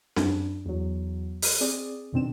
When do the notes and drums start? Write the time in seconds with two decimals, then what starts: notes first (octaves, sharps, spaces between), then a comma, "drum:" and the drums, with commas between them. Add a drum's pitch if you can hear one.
0.16 F#2 D4, drum: snare C4
0.65 E2 F#3
1.42 drum: open hi-hat
1.61 C4 G#4 D5
2.12 F2 B2 D#3 C4 D4 E7